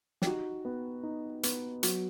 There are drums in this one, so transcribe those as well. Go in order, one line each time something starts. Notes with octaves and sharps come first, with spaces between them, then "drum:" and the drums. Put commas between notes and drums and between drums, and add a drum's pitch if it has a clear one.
G4, drum: snare
D#4 F#4
B3
D#4
B3, drum: hi-hat
F#3, drum: hi-hat